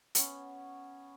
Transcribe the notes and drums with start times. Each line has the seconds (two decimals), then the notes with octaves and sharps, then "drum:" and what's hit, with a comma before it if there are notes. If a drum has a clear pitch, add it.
0.15 B3 C#4, drum: hi-hat